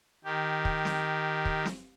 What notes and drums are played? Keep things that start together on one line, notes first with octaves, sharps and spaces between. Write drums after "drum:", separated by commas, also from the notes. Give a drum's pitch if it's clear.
D#3 G4
drum: kick
drum: snare
drum: kick
drum: snare